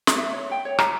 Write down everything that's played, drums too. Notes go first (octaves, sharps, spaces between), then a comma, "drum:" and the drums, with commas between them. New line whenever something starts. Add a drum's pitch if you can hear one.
drum: snare
E5
C#5
G5
C#5
A#5, drum: rim click